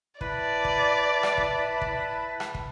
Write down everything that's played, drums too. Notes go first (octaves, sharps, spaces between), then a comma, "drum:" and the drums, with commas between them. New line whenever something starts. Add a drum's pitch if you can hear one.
E4 B4 D5 A5, drum: kick
drum: kick
drum: rim click
drum: kick
drum: kick
drum: rim click
drum: kick